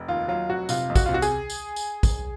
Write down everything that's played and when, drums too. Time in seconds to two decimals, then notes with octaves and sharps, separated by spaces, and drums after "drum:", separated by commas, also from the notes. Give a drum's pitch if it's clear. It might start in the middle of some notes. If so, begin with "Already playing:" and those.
Already playing: F1
0.08 D#2 F4
0.28 F#3 F4
0.50 F1 F#4
0.69 C3 F4, drum: tambourine
0.90 F2
0.96 F#4, drum: kick, tambourine
1.06 C3 F4
1.14 F#4
1.22 G#4, drum: tambourine
1.50 drum: tambourine
1.76 drum: tambourine
2.03 drum: kick, tambourine